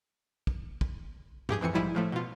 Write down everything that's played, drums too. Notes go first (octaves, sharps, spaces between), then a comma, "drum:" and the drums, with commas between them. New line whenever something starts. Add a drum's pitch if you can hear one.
drum: kick
drum: kick
G2 G4 G#4 G6, drum: tom
F2 E3 C4 G#5 C#7
A#1 G#2 F3 G3 E4 D#7
A2 F3 A3
B2 F4